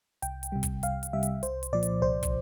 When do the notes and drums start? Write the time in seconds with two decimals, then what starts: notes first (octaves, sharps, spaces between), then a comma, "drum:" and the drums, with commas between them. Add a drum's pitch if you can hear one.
0.22 C2 G5, drum: hi-hat
0.43 drum: hi-hat
0.52 C3 G3
0.63 drum: kick, hi-hat
0.83 C2 F5, drum: hi-hat
1.03 drum: hi-hat
1.13 C3 G3 E5
1.23 drum: hi-hat
1.43 C2 C5, drum: hi-hat
1.63 drum: hi-hat
1.73 A#2 F3 D5
1.83 drum: hi-hat
2.02 C2 C5
2.23 drum: kick, hi-hat